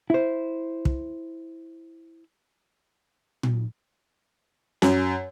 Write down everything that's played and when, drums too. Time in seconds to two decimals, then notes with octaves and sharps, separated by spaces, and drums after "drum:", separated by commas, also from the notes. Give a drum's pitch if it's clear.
0.10 E4 C5
0.85 drum: kick
3.43 drum: tom A#2
4.82 F#2, drum: snare